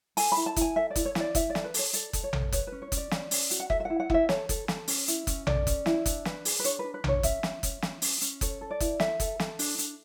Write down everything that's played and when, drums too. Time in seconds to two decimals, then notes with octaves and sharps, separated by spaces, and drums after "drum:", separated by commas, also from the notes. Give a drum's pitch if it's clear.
0.17 A4 G#5, drum: open hi-hat
0.32 E4 B5
0.46 A5
0.56 E4 G#5, drum: kick F#1, hi-hat
0.76 A4 E5
0.90 D5
0.96 E4, drum: kick F#1, hi-hat
1.05 C#5
1.15 E4 D5, drum: snare
1.35 E4 E5, drum: kick F#1, hi-hat
1.50 D5
1.55 A4, drum: snare
1.64 B4
1.74 A4 C#5, drum: open hi-hat
1.93 A4 D5, drum: hi-hat
2.13 A4, drum: kick F#1, hi-hat
2.23 C#5
2.33 A4, drum: tom A#1
2.52 B4 C#5, drum: kick F#1, hi-hat
2.67 C#4 B4
2.82 C#5
2.92 C#4, drum: kick F#1, hi-hat
2.97 D5
3.11 C#4, drum: snare
3.31 C#4, drum: open hi-hat
3.51 F#4, drum: hi-hat
3.60 F#5
3.70 A4 E5, drum: kick F#1
3.80 E5
3.85 E4 F#5
4.00 F#5
4.10 E4 E5, drum: kick F#1
4.29 A4 C#5, drum: snare
4.49 A4, drum: kick F#1, hi-hat
4.68 A4, drum: snare
4.88 C#4, drum: open hi-hat
5.08 E4, drum: hi-hat
5.27 C#4, drum: kick F#1, hi-hat
5.47 A4 D5, drum: tom A#1
5.67 C#4, drum: kick F#1, hi-hat
5.86 E4, drum: snare
6.06 D4, drum: kick F#1, hi-hat
6.25 B4, drum: snare
6.45 G#4, drum: open hi-hat
6.59 B4
6.64 D4 C#5, drum: hi-hat
6.79 D4 B4
6.94 B4
7.04 D4 C#5, drum: tom A#1
7.23 C#4 E5, drum: kick F#1, hi-hat
7.43 C#4, drum: snare
7.63 C#4, drum: kick F#1, hi-hat
7.82 C#4, drum: snare
8.02 C#4, drum: open hi-hat
8.22 C#4, drum: hi-hat
8.41 A4 C#5, drum: kick F#1, hi-hat
8.61 A4
8.71 D5
8.80 E4, drum: kick F#1, hi-hat
9.00 A4 E5, drum: snare
9.20 A4, drum: kick F#1, hi-hat
9.40 A4, drum: snare
9.59 D4, drum: open hi-hat
9.79 D4, drum: hi-hat